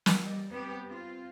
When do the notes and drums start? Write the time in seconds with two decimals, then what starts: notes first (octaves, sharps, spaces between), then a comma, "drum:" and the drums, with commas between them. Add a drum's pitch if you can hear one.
0.06 drum: snare
0.21 G3 D#5
0.50 G3 B3 C4 G4
0.84 C4 F4